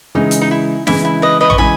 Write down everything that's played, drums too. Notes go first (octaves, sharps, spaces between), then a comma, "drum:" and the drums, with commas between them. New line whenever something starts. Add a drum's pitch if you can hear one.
C#3 E3 G#3 D#4
drum: hi-hat
D#4
E4
C#3 E3 G#3 E4, drum: snare
E4
B4 D#5
B4 D#5
C#6, drum: tom A1
C#3 E3 G#3 G#5 B5